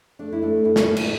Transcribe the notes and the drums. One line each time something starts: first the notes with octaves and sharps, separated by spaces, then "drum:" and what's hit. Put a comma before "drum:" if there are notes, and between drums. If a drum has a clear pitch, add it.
A3 D4
E4
A3 D4
A2 E4
drum: snare
A2
drum: cymbal